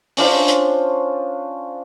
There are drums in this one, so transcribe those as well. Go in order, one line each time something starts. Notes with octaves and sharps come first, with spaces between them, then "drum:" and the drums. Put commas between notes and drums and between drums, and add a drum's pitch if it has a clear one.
C#4 D4 F4 C5, drum: open hi-hat
drum: hi-hat